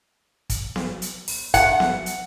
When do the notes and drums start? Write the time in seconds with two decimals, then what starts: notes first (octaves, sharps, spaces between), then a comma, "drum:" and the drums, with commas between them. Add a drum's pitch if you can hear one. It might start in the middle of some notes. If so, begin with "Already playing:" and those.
0.50 drum: kick, hi-hat
0.76 drum: snare B3
1.02 drum: hi-hat
1.28 drum: open hi-hat
1.54 F#5, drum: kick, hi-hat
1.80 drum: snare B3
2.06 drum: hi-hat